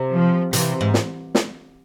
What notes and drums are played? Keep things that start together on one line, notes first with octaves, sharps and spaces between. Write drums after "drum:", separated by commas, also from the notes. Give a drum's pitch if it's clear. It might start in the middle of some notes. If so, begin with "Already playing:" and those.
Already playing: C3
F3
C3 E3, drum: hi-hat
G#2
drum: snare
drum: snare